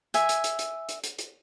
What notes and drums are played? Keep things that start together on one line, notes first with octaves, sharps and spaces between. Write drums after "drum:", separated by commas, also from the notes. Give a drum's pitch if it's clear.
E5 G#5, drum: hi-hat
drum: hi-hat
drum: hi-hat
drum: hi-hat
drum: hi-hat
drum: hi-hat
drum: hi-hat